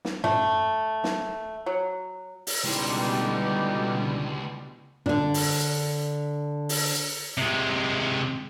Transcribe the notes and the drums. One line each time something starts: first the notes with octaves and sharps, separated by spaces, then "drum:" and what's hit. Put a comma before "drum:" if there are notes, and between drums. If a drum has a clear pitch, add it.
drum: snare
A3, drum: tom
drum: snare
F#3
drum: open hi-hat
C#2 B2 D3 G3 G#3 D#4 E4 G4
D3 D4, drum: tom
drum: open hi-hat
drum: open hi-hat
C3 G#3